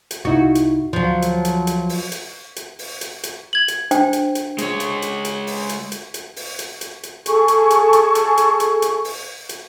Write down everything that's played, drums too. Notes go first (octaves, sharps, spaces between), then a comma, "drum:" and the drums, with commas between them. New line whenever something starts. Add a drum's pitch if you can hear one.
drum: hi-hat
C2 D#4 E4 F#4
drum: hi-hat
D2 F3 F#3
drum: hi-hat
drum: hi-hat
drum: hi-hat
drum: open hi-hat
drum: hi-hat
drum: hi-hat
drum: open hi-hat
drum: hi-hat
drum: hi-hat
G#6 F#7
drum: hi-hat
D4 C5 G5, drum: hi-hat
drum: hi-hat
drum: hi-hat
G#3 C#5, drum: hi-hat
drum: hi-hat
drum: hi-hat
drum: hi-hat
drum: open hi-hat
drum: hi-hat
drum: hi-hat
drum: hi-hat
drum: open hi-hat
drum: hi-hat
drum: hi-hat
drum: hi-hat
G#4 A4 C#6, drum: hi-hat
drum: hi-hat
drum: hi-hat
drum: hi-hat
drum: hi-hat
drum: hi-hat
drum: hi-hat
drum: hi-hat
drum: open hi-hat
drum: hi-hat